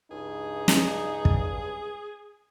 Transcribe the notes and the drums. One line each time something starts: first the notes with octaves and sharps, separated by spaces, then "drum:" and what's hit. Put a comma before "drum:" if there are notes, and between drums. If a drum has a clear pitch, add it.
C#2 G2 D#4 G#4
drum: snare
drum: kick